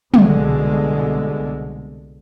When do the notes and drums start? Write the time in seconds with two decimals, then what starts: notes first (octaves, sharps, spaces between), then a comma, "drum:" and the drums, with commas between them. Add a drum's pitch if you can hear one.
0.14 C2 B2 D3 G#3, drum: tom